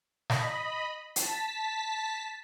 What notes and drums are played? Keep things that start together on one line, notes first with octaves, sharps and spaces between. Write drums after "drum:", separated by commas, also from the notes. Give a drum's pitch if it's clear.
D#5 B5, drum: snare
A5 B6, drum: hi-hat